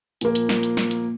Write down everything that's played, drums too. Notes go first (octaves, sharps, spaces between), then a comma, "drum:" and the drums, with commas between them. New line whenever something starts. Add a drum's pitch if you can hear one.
A#2 F3 A#3, drum: hi-hat
drum: hi-hat
drum: snare
drum: hi-hat
drum: snare
drum: hi-hat